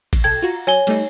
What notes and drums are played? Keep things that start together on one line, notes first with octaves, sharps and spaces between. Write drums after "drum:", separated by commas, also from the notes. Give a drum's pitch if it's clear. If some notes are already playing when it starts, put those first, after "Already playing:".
drum: kick, cymbal
B1 A4 G5 G#6
F4 F#4 A#5
F#3 C#5 G#5 G7
G3 A3 D#4, drum: cymbal